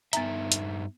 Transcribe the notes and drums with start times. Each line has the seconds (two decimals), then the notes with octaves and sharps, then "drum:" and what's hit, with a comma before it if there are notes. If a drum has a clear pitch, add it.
0.13 G2 B3 D#4 E5 A#5, drum: hi-hat
0.52 drum: hi-hat